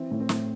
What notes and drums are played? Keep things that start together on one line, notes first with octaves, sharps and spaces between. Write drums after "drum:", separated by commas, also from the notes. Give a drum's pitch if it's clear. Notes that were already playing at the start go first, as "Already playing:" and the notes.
Already playing: E3 C4
A2
C4
A2, drum: snare